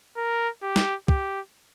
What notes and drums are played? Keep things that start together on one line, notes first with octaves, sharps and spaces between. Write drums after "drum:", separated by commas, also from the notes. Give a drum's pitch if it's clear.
A#4
G4
drum: snare
G4, drum: kick